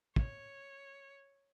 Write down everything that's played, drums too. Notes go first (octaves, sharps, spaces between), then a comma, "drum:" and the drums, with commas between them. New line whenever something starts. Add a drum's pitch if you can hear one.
C#5, drum: kick